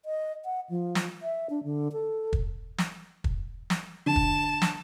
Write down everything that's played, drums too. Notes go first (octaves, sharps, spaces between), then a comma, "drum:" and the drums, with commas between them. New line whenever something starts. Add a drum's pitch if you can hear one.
D#5
F#5
F3
drum: snare
E5
D4
D3
A4
drum: kick
drum: snare
drum: kick
drum: snare
D3 A5
drum: kick
drum: snare